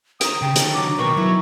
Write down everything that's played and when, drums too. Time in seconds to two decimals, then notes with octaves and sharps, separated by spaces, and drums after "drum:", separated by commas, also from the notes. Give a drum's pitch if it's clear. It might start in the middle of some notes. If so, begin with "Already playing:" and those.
0.21 G5 A#5 D#6, drum: hi-hat
0.42 C#3 G5
0.56 D#3 D4 D#4 C#5, drum: hi-hat
0.74 F#3 A#5 D6
0.99 B2 D#3 B4 G5 G#5 C#6
1.17 F#3 E4